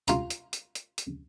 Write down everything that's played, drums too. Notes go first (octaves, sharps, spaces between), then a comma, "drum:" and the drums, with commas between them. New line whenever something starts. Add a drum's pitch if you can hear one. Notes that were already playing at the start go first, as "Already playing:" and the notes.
F4 A#5, drum: hi-hat
drum: hi-hat
drum: hi-hat
drum: hi-hat
drum: hi-hat